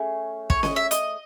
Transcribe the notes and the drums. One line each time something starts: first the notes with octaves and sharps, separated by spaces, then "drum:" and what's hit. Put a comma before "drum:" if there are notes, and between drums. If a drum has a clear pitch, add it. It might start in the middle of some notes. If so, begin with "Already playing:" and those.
Already playing: A3 C#4 G#4
C#5, drum: kick
D#5, drum: snare C#4
E5
D#5, drum: hi-hat